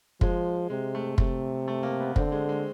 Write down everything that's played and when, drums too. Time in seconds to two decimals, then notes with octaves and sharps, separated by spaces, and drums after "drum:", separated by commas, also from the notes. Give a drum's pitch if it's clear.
0.21 F3 G#3, drum: kick
0.70 C3 G#3
0.95 A3
1.18 C3 A3, drum: kick
1.68 A3
1.83 A#3
2.00 B3
2.16 D3 C4, drum: kick
2.32 G#3
2.49 G#3